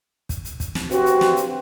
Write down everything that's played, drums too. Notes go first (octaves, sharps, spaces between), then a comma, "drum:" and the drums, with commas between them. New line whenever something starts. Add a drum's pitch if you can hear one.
drum: kick, hi-hat
drum: hi-hat
drum: kick, hi-hat
drum: snare
G2 C4 F#4, drum: hi-hat
drum: hi-hat
drum: snare
drum: hi-hat